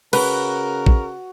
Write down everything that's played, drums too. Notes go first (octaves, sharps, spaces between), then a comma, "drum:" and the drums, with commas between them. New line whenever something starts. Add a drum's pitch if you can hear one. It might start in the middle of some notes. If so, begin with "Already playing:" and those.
C#3 F#4 A#4 B4, drum: cymbal
drum: kick A#1